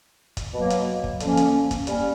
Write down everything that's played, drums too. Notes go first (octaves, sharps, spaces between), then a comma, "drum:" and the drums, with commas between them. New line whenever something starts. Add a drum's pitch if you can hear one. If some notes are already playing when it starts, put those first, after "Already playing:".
drum: kick, hi-hat
B2 F#3 A#3
drum: hi-hat
drum: kick
D3 F3 A#3 C#4, drum: hi-hat
drum: hi-hat
drum: kick, hi-hat
G3 A#3 C#4, drum: hi-hat